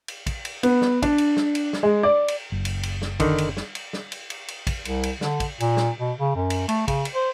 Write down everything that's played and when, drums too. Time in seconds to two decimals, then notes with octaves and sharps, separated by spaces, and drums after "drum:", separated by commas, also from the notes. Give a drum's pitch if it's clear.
0.08 drum: cymbal
0.26 drum: kick, cymbal
0.45 drum: cymbal
0.63 B3, drum: cymbal
0.82 drum: snare
1.02 D4, drum: kick, cymbal
1.18 drum: cymbal
1.37 drum: snare
1.55 drum: cymbal
1.73 drum: snare
1.83 G#3
2.03 D5
2.28 drum: cymbal
2.52 F#1
2.65 drum: cymbal
2.83 drum: cymbal
3.02 drum: snare
3.20 D3 D#3, drum: kick, cymbal
3.38 drum: cymbal
3.57 drum: snare
3.75 drum: cymbal
3.93 drum: snare
4.12 drum: cymbal
4.30 drum: cymbal
4.48 drum: cymbal
4.67 drum: kick, cymbal
4.85 C2, drum: cymbal
5.03 drum: cymbal
5.21 D3, drum: snare
5.40 drum: kick, cymbal
5.60 A#2, drum: cymbal
5.77 drum: snare
6.00 B2
6.19 C#3
6.36 F#2
6.50 drum: cymbal
6.69 A3, drum: cymbal
6.88 C#3, drum: kick, cymbal
7.05 drum: cymbal
7.15 C5